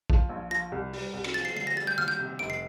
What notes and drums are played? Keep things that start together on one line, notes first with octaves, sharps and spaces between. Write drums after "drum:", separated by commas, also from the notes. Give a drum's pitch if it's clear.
F3, drum: kick
A#1
F3 A#6
C2
G3, drum: open hi-hat
C2
drum: cymbal
F3 A6
C7
D2 C7
A#6
G3 A6
G6
D#2 F6
G6
C3
F1 D7
C7